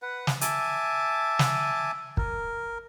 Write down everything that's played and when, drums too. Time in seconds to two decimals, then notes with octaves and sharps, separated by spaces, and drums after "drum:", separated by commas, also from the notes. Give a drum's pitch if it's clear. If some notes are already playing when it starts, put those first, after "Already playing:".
0.02 B4 F#5
0.27 drum: snare
0.41 E5 G#5 A5 D6, drum: hi-hat
1.39 drum: snare
2.17 A#4, drum: kick